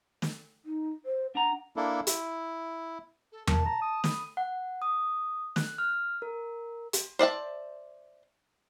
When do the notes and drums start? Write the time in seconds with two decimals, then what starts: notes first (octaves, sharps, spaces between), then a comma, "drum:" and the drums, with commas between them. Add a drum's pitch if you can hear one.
0.22 drum: snare
0.65 D#4
1.06 C5
1.35 D4 F#5 A#5
1.76 A#3 D4 E4 A4
2.07 E4, drum: hi-hat
3.32 A4
3.47 A#4 A5, drum: tom E2
3.65 A#5
3.81 D#6
4.04 B5, drum: snare
4.37 F#5
4.82 D#6
5.56 F#6, drum: snare
5.78 F6
6.22 A#4
6.93 drum: hi-hat
7.19 C5 D5 E5 A5